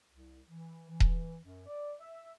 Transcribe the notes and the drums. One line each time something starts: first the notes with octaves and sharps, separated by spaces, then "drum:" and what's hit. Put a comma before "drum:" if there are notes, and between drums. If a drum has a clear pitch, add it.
C2
E3
E3
drum: kick D#1
F#2
D5
E5